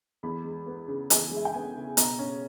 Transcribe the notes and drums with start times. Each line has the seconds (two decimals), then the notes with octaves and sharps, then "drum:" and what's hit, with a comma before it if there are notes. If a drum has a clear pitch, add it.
0.23 E2 B5
0.45 G#3
0.66 B3
0.88 C#3
1.10 E2 G#5, drum: hi-hat
1.31 G#3 E5
1.45 G5
1.54 B3 G#5
1.75 C#3
1.97 B2 A#5, drum: hi-hat
2.19 C#4